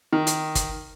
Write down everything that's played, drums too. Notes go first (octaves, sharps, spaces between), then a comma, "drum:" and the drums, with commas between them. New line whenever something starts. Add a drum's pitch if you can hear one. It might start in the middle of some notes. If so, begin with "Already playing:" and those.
D#3
drum: hi-hat
drum: kick, hi-hat